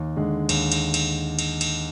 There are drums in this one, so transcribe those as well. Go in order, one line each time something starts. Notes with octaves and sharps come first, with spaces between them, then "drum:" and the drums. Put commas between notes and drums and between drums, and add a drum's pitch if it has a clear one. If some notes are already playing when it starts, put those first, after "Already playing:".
Already playing: D#2
D3 G#3
D#2, drum: cymbal
drum: cymbal
drum: cymbal
drum: cymbal
drum: cymbal